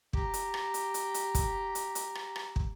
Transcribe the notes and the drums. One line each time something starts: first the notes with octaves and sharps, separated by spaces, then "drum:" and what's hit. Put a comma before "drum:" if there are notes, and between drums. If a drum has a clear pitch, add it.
G4 A#5, drum: kick
drum: hi-hat
drum: rim click
drum: hi-hat
drum: hi-hat
drum: hi-hat
drum: kick, hi-hat
drum: hi-hat
drum: hi-hat
drum: rim click
drum: rim click
drum: kick